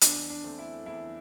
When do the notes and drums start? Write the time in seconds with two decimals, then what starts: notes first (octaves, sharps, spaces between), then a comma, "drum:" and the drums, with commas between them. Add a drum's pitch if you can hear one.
0.01 E2 D4, drum: hi-hat
0.30 D4
0.44 D3 A3 C4
0.59 E4
0.86 E2 E4